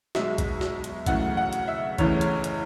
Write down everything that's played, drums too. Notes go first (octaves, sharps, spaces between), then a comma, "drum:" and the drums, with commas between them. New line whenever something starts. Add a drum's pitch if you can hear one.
B1 B2 G#3 E5, drum: snare
drum: kick A#1, hi-hat
drum: snare
drum: hi-hat
F#2 C#3 E3 A3 F#5, drum: kick A#1, hi-hat
F#5
drum: hi-hat
E5
F#1 E2 C#3 E3 A3 C#5, drum: kick A#1, hi-hat
drum: hi-hat
drum: hi-hat